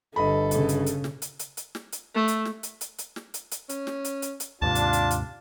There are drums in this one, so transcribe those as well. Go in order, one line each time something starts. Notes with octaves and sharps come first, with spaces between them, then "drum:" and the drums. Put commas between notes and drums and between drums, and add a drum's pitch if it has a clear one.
G1 A4 D#5 B5
C#3, drum: hi-hat
drum: hi-hat
drum: hi-hat
drum: snare
drum: hi-hat
drum: hi-hat
drum: hi-hat
drum: snare
drum: hi-hat
A3
drum: hi-hat
drum: snare
drum: hi-hat
drum: hi-hat
drum: hi-hat
drum: snare
drum: hi-hat
drum: hi-hat
C#4, drum: hi-hat
drum: snare
drum: hi-hat
drum: hi-hat
drum: hi-hat
D#2 G#2 C3 D4 F4 A5
drum: hi-hat
drum: hi-hat
drum: hi-hat